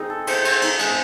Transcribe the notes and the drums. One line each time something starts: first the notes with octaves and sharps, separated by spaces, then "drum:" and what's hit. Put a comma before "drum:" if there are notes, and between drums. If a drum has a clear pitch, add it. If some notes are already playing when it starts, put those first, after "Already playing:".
Already playing: C4 D#4 G#4 D#5
A4
C5, drum: cymbal
C5, drum: cymbal
D#4, drum: cymbal
G#3, drum: cymbal